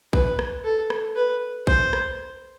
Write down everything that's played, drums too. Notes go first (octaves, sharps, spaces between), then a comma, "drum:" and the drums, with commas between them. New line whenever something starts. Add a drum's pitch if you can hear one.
B4, drum: kick A#1
drum: rim click
A4
drum: rim click
B4
C5, drum: kick A#1
drum: rim click